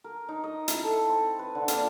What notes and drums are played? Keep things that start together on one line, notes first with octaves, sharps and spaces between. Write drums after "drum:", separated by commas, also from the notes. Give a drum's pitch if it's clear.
A#4
D#4
D#5
E4, drum: hi-hat
A4
C4
B4
D3
A#2, drum: hi-hat